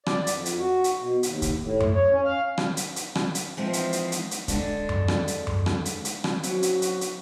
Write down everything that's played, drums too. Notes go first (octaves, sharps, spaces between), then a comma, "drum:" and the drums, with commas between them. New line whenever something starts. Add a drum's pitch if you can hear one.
D5, drum: rim click
F2, drum: hi-hat
drum: hi-hat
F#4
drum: hi-hat
B2
D#2, drum: hi-hat
drum: kick, hi-hat
A2
drum: tom F#2
C#5
C#4
F5
drum: rim click
drum: hi-hat
drum: hi-hat
drum: rim click
drum: hi-hat
E3 F3 G#3 C4 E4 F4
drum: hi-hat
drum: hi-hat
drum: hi-hat
drum: hi-hat
D3 G#3 D4, drum: kick, hi-hat
drum: tom F#2
drum: rim click
drum: hi-hat
drum: tom F#2
drum: rim click
drum: hi-hat
drum: hi-hat
drum: rim click
F#3 C4 C#4 F#4, drum: hi-hat
drum: hi-hat
drum: hi-hat
drum: hi-hat